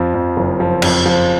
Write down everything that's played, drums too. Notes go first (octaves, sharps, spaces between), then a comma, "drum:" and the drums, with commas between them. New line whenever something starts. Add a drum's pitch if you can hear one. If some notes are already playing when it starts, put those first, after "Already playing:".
Already playing: F2 F3
F2
F#1
F3
F2, drum: cymbal
F3